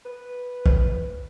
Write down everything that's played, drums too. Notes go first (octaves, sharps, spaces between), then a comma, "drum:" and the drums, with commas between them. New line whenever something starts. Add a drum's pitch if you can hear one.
B4
drum: kick